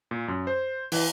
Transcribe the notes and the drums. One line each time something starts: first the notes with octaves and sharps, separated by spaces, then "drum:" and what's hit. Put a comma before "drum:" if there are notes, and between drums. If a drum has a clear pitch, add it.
A#2
F#2
C5
E3, drum: open hi-hat